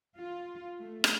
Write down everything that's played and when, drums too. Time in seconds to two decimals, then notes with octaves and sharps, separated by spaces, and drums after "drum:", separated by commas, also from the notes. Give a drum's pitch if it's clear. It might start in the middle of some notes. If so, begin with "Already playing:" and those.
0.17 F4
0.81 A3
1.04 drum: rim click